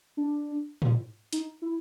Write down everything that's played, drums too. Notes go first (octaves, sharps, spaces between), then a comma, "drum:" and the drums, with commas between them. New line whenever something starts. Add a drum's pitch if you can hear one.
D4
drum: tom
D#4, drum: hi-hat
E4